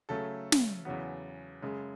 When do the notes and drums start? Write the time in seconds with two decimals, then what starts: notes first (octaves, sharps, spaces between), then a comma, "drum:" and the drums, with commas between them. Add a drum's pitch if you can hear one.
0.09 C#3 F#3 A3 A4
0.52 drum: snare
0.85 E2 C#3 F#3 B3
1.62 F#2 C#3 G#3